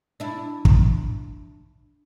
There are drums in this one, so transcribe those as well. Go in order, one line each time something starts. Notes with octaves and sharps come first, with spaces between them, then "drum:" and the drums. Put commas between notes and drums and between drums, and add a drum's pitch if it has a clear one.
D4 E4
drum: kick